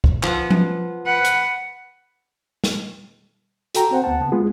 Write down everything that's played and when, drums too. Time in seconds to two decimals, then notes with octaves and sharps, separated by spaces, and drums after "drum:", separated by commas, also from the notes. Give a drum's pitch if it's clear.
0.04 drum: kick
0.23 F3 B3, drum: clap
0.50 drum: tom F3
1.06 B4 F#5
1.25 drum: hi-hat
2.64 drum: snare
3.75 F#4 A4 G5 A#5, drum: hi-hat
3.91 C4 C5 F#5 G5
4.04 D2 B3 F#5 A5
4.20 C#3 B3
4.32 G#3 B3 F4 G#4